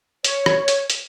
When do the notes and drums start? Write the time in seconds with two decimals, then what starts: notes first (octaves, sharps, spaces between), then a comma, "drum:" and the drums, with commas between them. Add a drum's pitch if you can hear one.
0.24 C#5, drum: hi-hat
0.46 drum: rim click
0.68 drum: hi-hat
0.90 drum: hi-hat